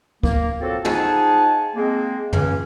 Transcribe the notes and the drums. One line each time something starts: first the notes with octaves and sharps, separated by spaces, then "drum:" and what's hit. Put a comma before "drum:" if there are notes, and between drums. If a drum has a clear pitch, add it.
A#3, drum: kick
F3 F#3 C4 F#4 A4
F3 D#4 G#4 F#5 G#5 A5, drum: tom
G#3 A#3 C4
C#2 E3 C#4, drum: tom